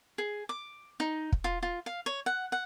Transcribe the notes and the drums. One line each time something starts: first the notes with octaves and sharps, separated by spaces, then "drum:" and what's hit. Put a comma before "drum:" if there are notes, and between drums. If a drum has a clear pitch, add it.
G#4
D6
D#4
drum: kick
F4
F4
F5
C#5
F#5
F#5